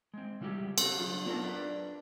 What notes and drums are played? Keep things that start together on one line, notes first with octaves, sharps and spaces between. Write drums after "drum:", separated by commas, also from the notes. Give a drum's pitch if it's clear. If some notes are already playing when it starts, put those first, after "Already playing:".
G#3 C4
C#3 G3 E4 F4 G4 G#4
C4 C#4 A4, drum: cymbal
F#3 D4 F4 G#4
B3 C4 D4 D#4 A4 A#4
D4 B4 D5